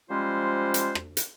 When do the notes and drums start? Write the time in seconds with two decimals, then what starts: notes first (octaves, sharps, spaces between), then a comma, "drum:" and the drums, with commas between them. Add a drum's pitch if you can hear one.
0.10 F3 G3 G#3 C#4 F4 C5
0.74 drum: hi-hat
0.95 drum: rim click
1.17 drum: hi-hat